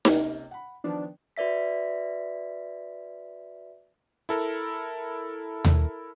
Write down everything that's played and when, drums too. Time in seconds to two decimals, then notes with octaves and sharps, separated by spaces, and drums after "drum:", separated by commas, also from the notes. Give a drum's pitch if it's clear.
0.05 C3 A#3 C#4, drum: snare D#4
0.51 F#5 B5
0.84 D#3 F3 B3 D4
1.37 F#4 B4 D5 E5 B6
4.29 E4 A4 A#4
5.64 drum: tom D#2